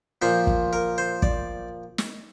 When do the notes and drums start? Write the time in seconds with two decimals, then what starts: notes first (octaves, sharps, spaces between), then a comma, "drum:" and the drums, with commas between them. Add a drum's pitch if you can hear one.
0.22 A#2 F3 C5
0.47 drum: kick
0.73 A#4
0.98 C5
1.22 D5, drum: kick
1.98 drum: snare